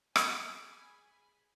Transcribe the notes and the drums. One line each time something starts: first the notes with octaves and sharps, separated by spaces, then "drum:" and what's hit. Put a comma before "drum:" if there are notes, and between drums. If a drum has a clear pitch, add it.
G#4 G#5 B5, drum: rim click